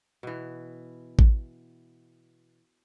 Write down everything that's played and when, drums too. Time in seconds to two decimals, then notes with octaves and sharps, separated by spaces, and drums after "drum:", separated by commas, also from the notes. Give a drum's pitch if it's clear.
0.23 B2 E3
1.19 drum: kick A1